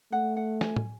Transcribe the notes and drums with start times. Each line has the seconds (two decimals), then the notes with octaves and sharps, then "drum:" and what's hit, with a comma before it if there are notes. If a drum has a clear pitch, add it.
0.12 A3 F#5
0.36 F#5
0.61 G#5, drum: snare
0.76 drum: tom A2